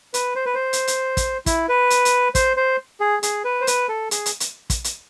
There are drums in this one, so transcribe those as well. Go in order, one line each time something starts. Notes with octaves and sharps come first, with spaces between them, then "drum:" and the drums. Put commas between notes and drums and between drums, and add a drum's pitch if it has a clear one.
B4, drum: hi-hat
C5
B4
C5
drum: hi-hat
drum: hi-hat
drum: kick, hi-hat
E4, drum: kick, hi-hat
B4
drum: hi-hat
drum: hi-hat
C5, drum: kick, hi-hat
C5
G#4
G#4, drum: hi-hat
B4
C5
B4, drum: hi-hat
A4
G#4, drum: hi-hat
drum: hi-hat
drum: hi-hat
drum: kick, hi-hat
drum: hi-hat